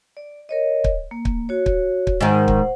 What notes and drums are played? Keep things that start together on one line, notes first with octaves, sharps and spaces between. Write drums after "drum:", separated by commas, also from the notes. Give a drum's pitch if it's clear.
D5
A#4 C#5 D#5
drum: kick
A#3
drum: kick
F#4 C#5
drum: kick
drum: kick
G#2 D#3 C5 F#5
drum: kick